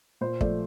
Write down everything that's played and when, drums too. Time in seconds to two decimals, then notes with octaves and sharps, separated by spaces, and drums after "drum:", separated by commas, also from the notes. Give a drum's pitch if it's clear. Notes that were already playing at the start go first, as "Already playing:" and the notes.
0.21 A#2 C5
0.41 F3 A3 D5, drum: kick